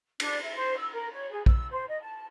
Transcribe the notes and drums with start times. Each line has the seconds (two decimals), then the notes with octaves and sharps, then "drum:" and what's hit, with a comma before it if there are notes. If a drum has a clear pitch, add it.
0.20 D4, drum: cymbal
0.41 E5
0.55 C5
0.76 E6
0.93 A#4
1.11 C#5
1.30 G#4
1.46 E6, drum: kick A#1
1.70 C5
1.88 D#5
2.00 A5